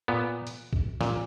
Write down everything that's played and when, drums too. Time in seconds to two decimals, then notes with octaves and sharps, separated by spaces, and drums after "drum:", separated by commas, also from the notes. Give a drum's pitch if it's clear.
0.08 A#2 B3
0.47 drum: hi-hat
0.73 drum: kick A#1
1.01 A#2, drum: snare